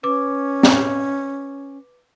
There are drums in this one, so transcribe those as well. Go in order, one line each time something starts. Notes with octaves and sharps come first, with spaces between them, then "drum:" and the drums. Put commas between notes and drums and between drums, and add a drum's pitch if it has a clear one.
C#4 B4 D6
drum: snare C4